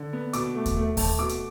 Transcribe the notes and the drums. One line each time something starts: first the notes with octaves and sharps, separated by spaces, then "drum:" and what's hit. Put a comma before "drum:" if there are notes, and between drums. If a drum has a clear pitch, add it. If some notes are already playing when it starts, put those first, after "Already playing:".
Already playing: D3
B3
B2 D6, drum: hi-hat
A3
drum: kick D#2, hi-hat
A3
A3 A5, drum: kick D#2, open hi-hat
B2 D6
drum: hi-hat